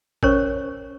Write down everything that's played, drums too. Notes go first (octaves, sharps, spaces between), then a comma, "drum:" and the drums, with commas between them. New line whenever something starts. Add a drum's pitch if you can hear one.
C#4 A#4 C5 C#5 C#6, drum: kick A1